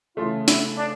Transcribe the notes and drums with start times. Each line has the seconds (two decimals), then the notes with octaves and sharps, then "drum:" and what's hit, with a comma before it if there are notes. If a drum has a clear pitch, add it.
0.17 C#3 E3 A3 F4
0.48 E4, drum: snare
0.77 D4